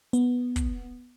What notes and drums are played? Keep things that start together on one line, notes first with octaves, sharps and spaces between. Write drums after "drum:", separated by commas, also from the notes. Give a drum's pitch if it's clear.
B3, drum: hi-hat
drum: kick, hi-hat